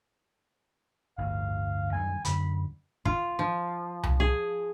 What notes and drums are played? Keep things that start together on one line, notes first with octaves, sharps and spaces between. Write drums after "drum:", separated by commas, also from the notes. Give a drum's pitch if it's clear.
G1 D2 A2 F5
F#2 D#3 G3 G#5
F#2 D3 B5, drum: hi-hat
F4, drum: kick
F3
drum: tom C2
G#4